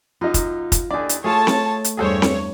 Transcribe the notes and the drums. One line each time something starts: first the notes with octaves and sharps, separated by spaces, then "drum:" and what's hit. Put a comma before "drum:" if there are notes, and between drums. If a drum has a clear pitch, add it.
F#2 D#4 F4
drum: kick, hi-hat
drum: kick, hi-hat
D#2 D4 E4 G#4 D5
drum: hi-hat
A3 F4 G#4 C#5 A5
drum: snare C4
drum: hi-hat
E2 G2 G#4 A4 C5 C#5
drum: snare C4